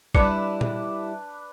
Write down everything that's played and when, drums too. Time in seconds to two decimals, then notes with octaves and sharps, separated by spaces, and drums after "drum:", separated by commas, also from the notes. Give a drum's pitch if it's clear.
0.15 G3 D4 E4 B4 D5 E5 D6 C#7, drum: kick
0.61 drum: tom